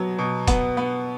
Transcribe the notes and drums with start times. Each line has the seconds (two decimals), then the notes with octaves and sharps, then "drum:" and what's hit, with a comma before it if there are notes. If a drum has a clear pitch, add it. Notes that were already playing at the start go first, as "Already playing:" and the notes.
Already playing: B2 F#3 B3
0.19 B2
0.48 B3, drum: kick, hi-hat
0.77 B3